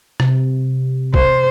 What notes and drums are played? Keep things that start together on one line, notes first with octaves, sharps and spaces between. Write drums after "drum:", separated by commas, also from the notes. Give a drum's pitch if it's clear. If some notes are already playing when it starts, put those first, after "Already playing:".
C3, drum: rim click
C5, drum: kick